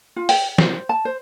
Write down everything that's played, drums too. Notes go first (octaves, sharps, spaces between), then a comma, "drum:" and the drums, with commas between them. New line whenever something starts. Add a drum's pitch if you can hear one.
F4
G5, drum: open hi-hat
C5, drum: snare
A5
C5